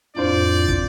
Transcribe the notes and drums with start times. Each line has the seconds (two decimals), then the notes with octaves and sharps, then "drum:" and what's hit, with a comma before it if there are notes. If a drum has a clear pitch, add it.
0.16 F2 A2 D4 F4 C5 D5 G6
0.68 drum: kick